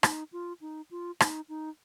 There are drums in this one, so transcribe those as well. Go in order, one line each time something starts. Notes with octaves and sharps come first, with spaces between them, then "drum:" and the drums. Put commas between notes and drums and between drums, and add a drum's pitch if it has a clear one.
D#4, drum: rim click
F4
D#4
F4
D#4, drum: rim click
D#4